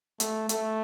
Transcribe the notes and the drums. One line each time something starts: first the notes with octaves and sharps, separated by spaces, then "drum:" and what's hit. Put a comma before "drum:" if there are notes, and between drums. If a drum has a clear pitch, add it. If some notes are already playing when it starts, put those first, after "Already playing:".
A3, drum: hi-hat
A3, drum: hi-hat